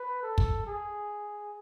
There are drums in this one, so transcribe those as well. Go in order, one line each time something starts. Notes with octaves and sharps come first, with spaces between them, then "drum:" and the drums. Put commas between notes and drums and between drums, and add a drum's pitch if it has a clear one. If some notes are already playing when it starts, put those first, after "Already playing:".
Already playing: B4
A4
drum: kick
G#4